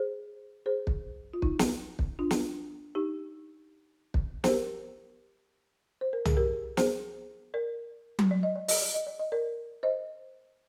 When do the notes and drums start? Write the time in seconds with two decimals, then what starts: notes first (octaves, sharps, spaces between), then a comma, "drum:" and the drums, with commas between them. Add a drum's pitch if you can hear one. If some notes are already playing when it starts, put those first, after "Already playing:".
Already playing: G#4 C5
0.66 G#4 C5
0.87 drum: kick
1.34 F4
1.42 D#4, drum: kick
1.59 drum: snare
1.99 drum: kick
2.19 D4 F4
2.31 drum: snare
2.95 D#4 G4
4.14 drum: kick
4.44 C5, drum: snare
4.48 G4 A#4
6.01 C5
6.13 A#4
6.25 G#4, drum: tom
6.37 G4 A#4
6.77 G#4 C5, drum: snare
7.54 A#4 D5
8.19 drum: tom F#3
8.31 D5
8.43 D#5
8.56 D5
8.68 D#5, drum: open hi-hat
8.82 D5
8.94 D#5
9.07 D5
9.19 D#5
9.32 A#4 D5
9.83 C5 D#5